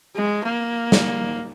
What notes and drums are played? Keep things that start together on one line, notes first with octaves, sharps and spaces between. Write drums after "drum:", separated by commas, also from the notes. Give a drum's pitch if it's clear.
G#3
A#3
drum: snare